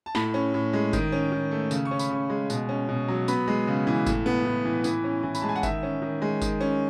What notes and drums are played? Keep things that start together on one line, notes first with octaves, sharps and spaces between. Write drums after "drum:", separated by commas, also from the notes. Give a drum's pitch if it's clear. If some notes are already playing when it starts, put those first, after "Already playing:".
A5
A2 B5, drum: snare
C#4
A2
G#3
D#3, drum: kick G1, tambourine
C#4
D#3
A3
C#3, drum: tambourine
C#6
C#4
B5, drum: tambourine
C#3 C#6
G#3
B2, drum: tambourine
C#4
B2
F#3
B3 B5, drum: tambourine
G#3
C#3
E3
A2, drum: kick G1, tambourine
B3
A2
E3
E3, drum: tambourine
C#4
E3
B5, drum: tambourine
G#3 A5
G#5
F#5
D#3 E5, drum: kick G1, tambourine
C#4
D#3
G#3
D#3, drum: kick G1, tambourine
C#4